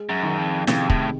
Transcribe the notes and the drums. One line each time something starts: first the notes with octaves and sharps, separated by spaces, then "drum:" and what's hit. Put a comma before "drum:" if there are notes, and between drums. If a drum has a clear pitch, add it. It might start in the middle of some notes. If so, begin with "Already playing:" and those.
Already playing: G#3
F#2
D#3
F2
F2 C3, drum: snare
A2, drum: kick